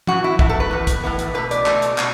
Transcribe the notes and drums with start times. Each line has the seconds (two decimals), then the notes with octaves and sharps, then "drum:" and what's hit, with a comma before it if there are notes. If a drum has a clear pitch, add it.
0.07 A2 E3 B3 F#4, drum: tom
0.24 E4
0.39 A2 E3 B3 E4, drum: kick
0.49 A4
0.60 B4
0.71 A2 E3 B3
0.87 drum: kick, hi-hat
1.04 A2 E3 B3
1.19 drum: hi-hat
1.34 B2 A3 B4
1.51 D5, drum: hi-hat
1.66 B2 A3, drum: clap
1.82 drum: hi-hat
1.98 B2, drum: clap